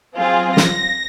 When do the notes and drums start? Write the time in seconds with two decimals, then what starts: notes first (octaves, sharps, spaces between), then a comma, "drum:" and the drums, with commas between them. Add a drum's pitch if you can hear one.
0.17 F#3 C4 F4 G#4
0.57 A#6, drum: snare